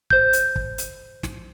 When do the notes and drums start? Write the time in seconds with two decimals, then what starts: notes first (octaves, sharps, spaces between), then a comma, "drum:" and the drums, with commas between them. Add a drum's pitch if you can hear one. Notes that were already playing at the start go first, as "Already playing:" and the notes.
0.10 C5 G6, drum: kick
0.33 drum: hi-hat
0.56 drum: kick
0.78 drum: hi-hat
1.23 drum: snare